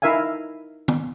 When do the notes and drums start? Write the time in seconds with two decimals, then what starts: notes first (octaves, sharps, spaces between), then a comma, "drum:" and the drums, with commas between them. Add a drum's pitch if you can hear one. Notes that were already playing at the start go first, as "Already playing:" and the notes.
0.02 D#4 E4 A#4 E5 F5 G#5
0.88 drum: tom